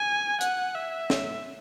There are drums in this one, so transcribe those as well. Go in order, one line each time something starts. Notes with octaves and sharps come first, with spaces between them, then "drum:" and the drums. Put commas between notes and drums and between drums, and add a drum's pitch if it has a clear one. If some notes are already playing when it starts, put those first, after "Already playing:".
Already playing: G#5
F#5, drum: hi-hat
E5
drum: snare